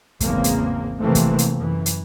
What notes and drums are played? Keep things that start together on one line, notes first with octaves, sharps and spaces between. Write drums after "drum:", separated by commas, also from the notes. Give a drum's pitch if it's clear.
G#1 E2 C#3 A#3 C4, drum: kick, hi-hat
drum: hi-hat
C3 E3 F3 A3 A#3 C4
drum: kick, hi-hat
drum: hi-hat
F#2 E3
drum: hi-hat